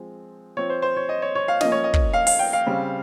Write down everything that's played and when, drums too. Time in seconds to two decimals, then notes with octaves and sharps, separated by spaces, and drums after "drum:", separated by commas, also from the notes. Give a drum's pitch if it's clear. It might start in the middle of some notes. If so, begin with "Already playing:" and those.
Already playing: F3 G#3 C4
0.57 F3 C4 C#5
0.70 C5
0.82 C5
0.97 C#5
1.09 D#5
1.22 C#5
1.35 C#5
1.48 F5
1.61 F3 A#3 C#4 D#5, drum: snare
1.72 C#5
1.84 D#5
1.94 drum: kick
2.13 F5
2.27 F5, drum: open hi-hat
2.39 G5
2.53 F5
2.66 C#3 G3 C4